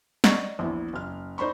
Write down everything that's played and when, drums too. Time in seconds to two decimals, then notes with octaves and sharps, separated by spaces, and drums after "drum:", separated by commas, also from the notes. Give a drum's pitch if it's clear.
0.24 D5 D#5 F#5 A#5 C#6, drum: snare
0.59 A#1 E2 E4
0.93 F#1 F6
1.38 D#4 C5 D5 B5 C#6